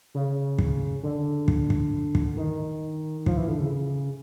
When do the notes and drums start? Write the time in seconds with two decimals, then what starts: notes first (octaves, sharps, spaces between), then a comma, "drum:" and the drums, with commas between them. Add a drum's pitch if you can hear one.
0.14 C#3
0.59 drum: kick
1.03 D3
1.48 drum: kick
1.70 drum: kick
2.15 drum: kick
2.36 D#3
3.26 F3, drum: kick
3.37 E3
3.48 D3
3.60 C#3